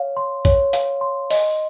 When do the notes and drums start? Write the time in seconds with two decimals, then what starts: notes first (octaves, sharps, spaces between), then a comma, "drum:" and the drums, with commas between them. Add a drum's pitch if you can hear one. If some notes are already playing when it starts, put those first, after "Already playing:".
Already playing: C#5 F5
0.17 C6
0.45 C#5, drum: kick A#1, hi-hat
0.73 F5, drum: hi-hat
1.01 C6
1.30 D#5, drum: open hi-hat